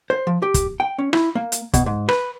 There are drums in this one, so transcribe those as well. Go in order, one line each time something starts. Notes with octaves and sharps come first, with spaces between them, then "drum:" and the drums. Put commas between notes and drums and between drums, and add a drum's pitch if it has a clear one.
C5
F3
G4
drum: kick, hi-hat
G5
C#4
E4, drum: rim click
A#3
drum: hi-hat
B2, drum: kick, hi-hat
G#2
B4, drum: rim click